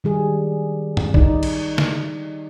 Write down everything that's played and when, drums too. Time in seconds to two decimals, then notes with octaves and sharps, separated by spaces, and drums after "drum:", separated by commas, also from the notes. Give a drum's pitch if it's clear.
0.04 D#3 G3 G#4
0.97 drum: tom
1.14 D#4 D5, drum: kick B1
1.43 drum: cymbal
1.78 drum: snare